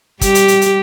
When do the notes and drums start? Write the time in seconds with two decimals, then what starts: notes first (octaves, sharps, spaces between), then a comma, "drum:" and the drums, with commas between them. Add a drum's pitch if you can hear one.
0.21 G3 G4, drum: kick, hi-hat
0.35 drum: hi-hat
0.48 drum: hi-hat
0.61 drum: hi-hat